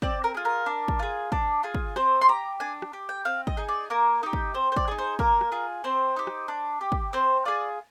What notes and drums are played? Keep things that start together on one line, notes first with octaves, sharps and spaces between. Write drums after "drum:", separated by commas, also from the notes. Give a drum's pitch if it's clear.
C4 D5, drum: kick
A#4
F4 G#4
A#4
D4
drum: kick
F4 G#4
D4, drum: kick
F4 G#4
drum: kick
C4 C5, drum: rim click
C6
G4 A#5
D4 G#5
drum: rim click
G4
G5
C4 F5
D#5, drum: kick
D#4 G#4
D5
A#3 A#4
D#4 G4
drum: kick
C4 C5
C5
D5, drum: kick
D#4 G#4
C5
A#3 A#4, drum: kick
drum: rim click
F4 G#4
C4 C5
D#4 G4
drum: rim click
D4
G4
drum: kick
C4 C5
F4 G#4 D5